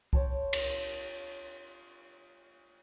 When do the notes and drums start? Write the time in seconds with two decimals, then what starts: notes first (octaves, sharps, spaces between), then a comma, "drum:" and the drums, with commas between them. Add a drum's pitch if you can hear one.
0.13 C5 C#5 G5 A5, drum: kick C2
0.53 drum: cymbal